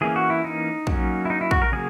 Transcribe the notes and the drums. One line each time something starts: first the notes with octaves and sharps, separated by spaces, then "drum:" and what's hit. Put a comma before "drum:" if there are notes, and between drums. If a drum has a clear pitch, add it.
E3 A#3 C#4 G#4
F#4
E4
D#4
F#3 A#3 C#4, drum: kick
E4
D#4
E4
F#4, drum: kick
A#4
C#3 F#3 A#3 G#4